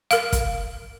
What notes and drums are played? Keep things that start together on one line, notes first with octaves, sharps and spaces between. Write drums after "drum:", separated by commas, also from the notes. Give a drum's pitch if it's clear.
A#4 F5, drum: hi-hat
drum: kick, hi-hat